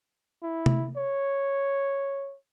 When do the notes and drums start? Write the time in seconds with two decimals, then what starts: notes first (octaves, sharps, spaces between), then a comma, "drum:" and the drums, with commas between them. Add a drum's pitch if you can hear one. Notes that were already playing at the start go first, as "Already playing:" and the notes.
0.42 E4
0.66 drum: tom C3
0.97 C#5